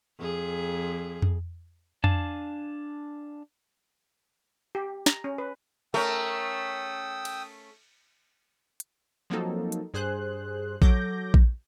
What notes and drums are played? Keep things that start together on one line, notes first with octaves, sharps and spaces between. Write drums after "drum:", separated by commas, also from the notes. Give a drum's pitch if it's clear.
F2 G#4
drum: tom F2
D4 F5 G#5 A5, drum: tom F2
G4
A#5, drum: snare
C#4
B4
A3 C#4 A#4 G5 D#6 E6
drum: cymbal
drum: hi-hat
F3 F#3 A#3 C4 D#4 A4
drum: hi-hat
G2 G#4 C5 F#6
F#3 A4 D6 G6 A#6, drum: kick A#1
drum: kick A#1